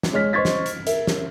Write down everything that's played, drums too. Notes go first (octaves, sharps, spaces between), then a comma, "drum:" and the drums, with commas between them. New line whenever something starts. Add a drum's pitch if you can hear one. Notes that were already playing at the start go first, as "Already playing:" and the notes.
drum: snare
G#3 C#5 F6 B6
C5 D#5 C#6 G#6 A6 B6
drum: snare
drum: hi-hat
A#4 E5, drum: hi-hat
drum: snare